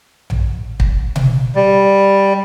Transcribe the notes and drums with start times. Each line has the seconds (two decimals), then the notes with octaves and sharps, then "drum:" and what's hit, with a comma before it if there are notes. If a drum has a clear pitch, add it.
0.30 drum: tom A#1
0.80 drum: kick
1.16 drum: tom B2
1.55 G3